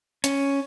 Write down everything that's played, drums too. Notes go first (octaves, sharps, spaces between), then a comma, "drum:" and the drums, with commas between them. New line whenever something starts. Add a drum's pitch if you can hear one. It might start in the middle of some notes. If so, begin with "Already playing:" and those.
C#4, drum: hi-hat